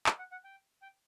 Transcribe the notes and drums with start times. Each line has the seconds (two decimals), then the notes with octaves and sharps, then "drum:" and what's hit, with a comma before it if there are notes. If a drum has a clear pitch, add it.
0.06 G5, drum: clap
0.18 F#5
0.32 F#5
0.44 G5
0.82 G5